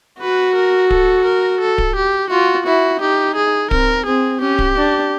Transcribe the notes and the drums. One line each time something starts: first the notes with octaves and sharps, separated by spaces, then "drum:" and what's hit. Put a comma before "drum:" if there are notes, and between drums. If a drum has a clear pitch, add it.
F#4 B4
A#4
A4, drum: kick D1
A#4
A4
drum: kick D1
G4
F4 F#4
E4 F#4
D#4 G4
G#4
C4 A#4, drum: kick D1
C4 G#4
C#4 G4
drum: kick D1
D4